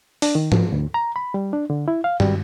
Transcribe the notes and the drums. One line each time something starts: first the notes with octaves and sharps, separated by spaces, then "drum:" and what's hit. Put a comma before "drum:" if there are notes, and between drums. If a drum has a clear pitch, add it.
D4, drum: open hi-hat
D#3
F3, drum: tom
D2
A#5
B5
G3
D4
D3
E4
F5
G3, drum: tom G2